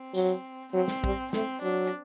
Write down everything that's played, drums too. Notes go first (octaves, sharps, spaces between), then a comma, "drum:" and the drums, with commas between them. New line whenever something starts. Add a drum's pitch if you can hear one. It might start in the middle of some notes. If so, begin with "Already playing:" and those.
Already playing: C4
F#3, drum: tambourine
F#3 C4
drum: snare
G3, drum: kick
A3 C4, drum: snare
F#3 D4